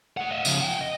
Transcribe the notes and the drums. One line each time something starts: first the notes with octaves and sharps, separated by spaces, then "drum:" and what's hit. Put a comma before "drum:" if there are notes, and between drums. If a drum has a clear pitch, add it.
A3 F#5
D#5 E5
C#3 F3, drum: tambourine
F#5 G5
D#5